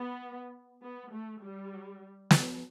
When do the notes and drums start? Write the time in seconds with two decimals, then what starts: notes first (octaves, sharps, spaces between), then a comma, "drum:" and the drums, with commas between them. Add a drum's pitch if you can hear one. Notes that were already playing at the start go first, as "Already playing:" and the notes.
Already playing: B3
0.83 B3
1.12 A3
1.41 G3
2.31 F#3, drum: snare